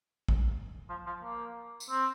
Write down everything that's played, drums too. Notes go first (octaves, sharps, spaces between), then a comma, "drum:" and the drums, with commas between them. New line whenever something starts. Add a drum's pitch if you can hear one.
drum: kick
F3
F3
A#3
drum: tambourine
C4